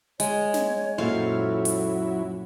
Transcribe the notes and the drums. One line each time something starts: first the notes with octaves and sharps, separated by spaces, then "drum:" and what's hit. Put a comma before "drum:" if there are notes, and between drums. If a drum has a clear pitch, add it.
G#3 C#5, drum: hi-hat
drum: snare
F#2 A#2 F#3 E4 A4 C5 C#5 F5
drum: hi-hat